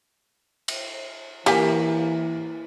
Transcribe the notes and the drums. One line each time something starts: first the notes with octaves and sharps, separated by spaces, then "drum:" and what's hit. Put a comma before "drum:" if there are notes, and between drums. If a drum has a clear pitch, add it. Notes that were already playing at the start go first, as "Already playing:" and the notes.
drum: cymbal
E3 A#3 G4 F5 G#5 B6 G7, drum: cymbal